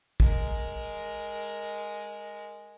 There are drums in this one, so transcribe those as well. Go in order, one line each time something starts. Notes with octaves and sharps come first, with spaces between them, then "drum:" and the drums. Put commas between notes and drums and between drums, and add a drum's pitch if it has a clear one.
G#3 A#4, drum: kick